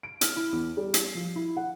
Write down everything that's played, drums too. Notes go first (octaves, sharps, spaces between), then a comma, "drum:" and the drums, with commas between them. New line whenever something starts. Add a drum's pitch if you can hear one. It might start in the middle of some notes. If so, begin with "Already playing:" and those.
D7
F6, drum: hi-hat
E4
E2
G3
C7, drum: hi-hat
F3
E4
F#5